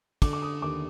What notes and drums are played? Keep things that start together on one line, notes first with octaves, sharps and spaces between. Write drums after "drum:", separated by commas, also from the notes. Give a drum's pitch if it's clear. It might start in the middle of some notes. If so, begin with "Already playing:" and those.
D3 D6, drum: kick, cymbal
D6
D#6
D#2 D6